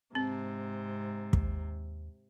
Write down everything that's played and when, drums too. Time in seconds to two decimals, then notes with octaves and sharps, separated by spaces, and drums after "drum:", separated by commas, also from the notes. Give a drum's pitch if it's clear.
0.15 G#2 C3 C4
1.33 D#2, drum: kick